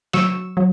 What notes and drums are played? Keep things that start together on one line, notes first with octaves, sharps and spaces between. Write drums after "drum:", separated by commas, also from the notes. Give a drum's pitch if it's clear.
F#3 C#6 E6, drum: snare
F#3